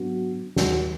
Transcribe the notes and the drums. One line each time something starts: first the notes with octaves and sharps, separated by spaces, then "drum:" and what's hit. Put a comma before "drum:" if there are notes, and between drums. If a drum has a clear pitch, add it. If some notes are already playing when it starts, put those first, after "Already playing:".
Already playing: G#2 F#3 B3 D4 F#4
D#2 D#3 G#3 F#4, drum: snare